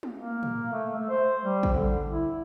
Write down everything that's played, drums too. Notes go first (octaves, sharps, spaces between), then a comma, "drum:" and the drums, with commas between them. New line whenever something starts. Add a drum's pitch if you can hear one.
drum: tom
A#3
drum: tom
A3
A3
C5
G3
drum: kick
D3
E4